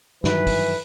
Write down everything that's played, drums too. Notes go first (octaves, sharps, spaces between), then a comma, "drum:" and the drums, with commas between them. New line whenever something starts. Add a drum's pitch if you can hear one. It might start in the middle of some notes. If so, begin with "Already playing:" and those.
G2 D#3 E3 F#3 B4, drum: snare
drum: kick, open hi-hat